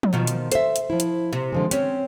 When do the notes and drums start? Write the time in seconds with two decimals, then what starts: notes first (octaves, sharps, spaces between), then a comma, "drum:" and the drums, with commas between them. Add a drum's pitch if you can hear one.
0.03 drum: tom
0.13 B2 D#3 F3
0.27 drum: hi-hat
0.52 A4 C5 E5, drum: hi-hat
0.76 drum: hi-hat
0.90 F3 E4
1.00 drum: hi-hat
1.33 C3
1.52 D3 F3 G#3
1.71 C4 C#4 C#5, drum: hi-hat